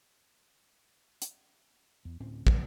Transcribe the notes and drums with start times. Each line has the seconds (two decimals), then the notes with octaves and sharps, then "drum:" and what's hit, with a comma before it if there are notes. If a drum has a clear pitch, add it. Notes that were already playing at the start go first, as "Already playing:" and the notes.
1.22 drum: hi-hat
2.05 E2
2.20 D2 A2 C4 C#4
2.47 D#2 E3, drum: kick